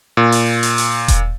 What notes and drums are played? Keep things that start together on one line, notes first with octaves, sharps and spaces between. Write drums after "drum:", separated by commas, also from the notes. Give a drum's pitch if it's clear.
A#2
drum: open hi-hat
drum: open hi-hat
drum: open hi-hat
drum: kick E1, hi-hat